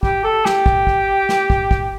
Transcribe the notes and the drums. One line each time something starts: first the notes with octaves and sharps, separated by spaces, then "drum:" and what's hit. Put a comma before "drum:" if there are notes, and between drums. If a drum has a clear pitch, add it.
G4, drum: kick
A4
G4, drum: snare
drum: kick
drum: kick
drum: snare
drum: kick
drum: kick